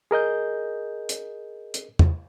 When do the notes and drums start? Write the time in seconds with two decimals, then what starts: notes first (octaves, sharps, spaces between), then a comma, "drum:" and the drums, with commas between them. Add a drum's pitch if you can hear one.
0.11 G#4 A#4 D#5 G6
1.09 drum: hi-hat
1.74 drum: hi-hat
1.99 drum: tom